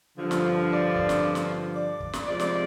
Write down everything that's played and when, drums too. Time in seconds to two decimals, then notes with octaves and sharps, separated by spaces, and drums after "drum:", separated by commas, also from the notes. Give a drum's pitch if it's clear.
0.18 G2 D3 F3
0.31 drum: snare
0.70 D5
0.96 drum: kick
1.09 drum: snare
1.35 drum: snare
1.75 D5
2.00 drum: kick
2.13 drum: snare
2.26 C3 F3 G#3 D5
2.40 drum: snare